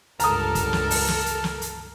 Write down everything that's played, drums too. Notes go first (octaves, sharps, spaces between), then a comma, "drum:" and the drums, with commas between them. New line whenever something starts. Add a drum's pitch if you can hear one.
C#2 G2 A4 A#4 A5 A#5 D#6 F6, drum: hi-hat
drum: kick, hi-hat
drum: snare
drum: open hi-hat
drum: snare
drum: hi-hat
drum: snare
drum: hi-hat